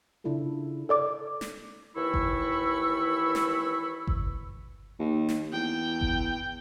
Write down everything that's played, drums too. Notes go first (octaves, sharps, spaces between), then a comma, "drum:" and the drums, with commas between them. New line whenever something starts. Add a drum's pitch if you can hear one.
C#3 D4 E4 F4 A4
A4 D5 D6
drum: snare
D#2 E3 E4 B5 C#6 E6
drum: kick G1
drum: snare
drum: kick G1
D#2
drum: snare
E2 G5
drum: kick G1